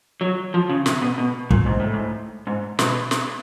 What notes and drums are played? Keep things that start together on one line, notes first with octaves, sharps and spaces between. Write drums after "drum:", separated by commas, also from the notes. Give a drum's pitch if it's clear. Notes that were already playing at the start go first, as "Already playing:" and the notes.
F#3
F3
C#3
C3, drum: snare
B2
B2
A#2, drum: kick
G#2
A2
G#2
G#2
B2, drum: snare
drum: snare